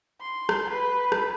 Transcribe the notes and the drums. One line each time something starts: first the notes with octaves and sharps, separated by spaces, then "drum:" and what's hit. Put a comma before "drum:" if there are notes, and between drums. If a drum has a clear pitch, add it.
C6
drum: rim click
B4
drum: rim click